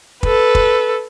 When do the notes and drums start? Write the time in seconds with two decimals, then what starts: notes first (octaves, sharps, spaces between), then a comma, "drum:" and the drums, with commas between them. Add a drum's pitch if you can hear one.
0.23 A4 B4, drum: kick
0.55 drum: kick